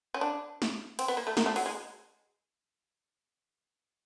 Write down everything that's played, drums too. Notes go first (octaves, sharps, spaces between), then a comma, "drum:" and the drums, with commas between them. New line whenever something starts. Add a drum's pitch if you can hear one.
C#4
D4
drum: snare
C4, drum: cymbal
B3
A#3
A3
A#3, drum: snare
A3
F#3, drum: open hi-hat
G#3